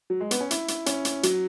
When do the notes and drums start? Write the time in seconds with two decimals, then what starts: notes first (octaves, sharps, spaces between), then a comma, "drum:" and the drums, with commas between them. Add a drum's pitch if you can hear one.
0.10 F#3
0.21 G#3
0.31 B3, drum: hi-hat
0.41 C#4
0.51 E4, drum: hi-hat
0.68 drum: hi-hat
0.86 C#4, drum: hi-hat
1.05 drum: hi-hat
1.23 F#3, drum: hi-hat